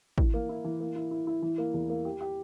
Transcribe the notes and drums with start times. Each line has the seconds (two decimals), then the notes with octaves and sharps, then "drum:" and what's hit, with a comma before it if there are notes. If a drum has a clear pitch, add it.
0.18 E3, drum: kick
0.34 A#3
0.49 E4
0.64 E3
0.80 A#3
0.96 E4
1.11 E4
1.27 E4
1.42 E3
1.58 A#3
1.74 E2
1.90 A#3
2.05 G4
2.21 G4